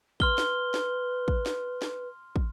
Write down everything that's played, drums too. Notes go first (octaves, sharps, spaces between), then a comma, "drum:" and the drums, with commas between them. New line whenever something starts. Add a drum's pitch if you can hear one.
B4 C6 F6 G7, drum: kick
drum: snare
drum: snare
drum: kick
drum: snare
drum: snare
drum: kick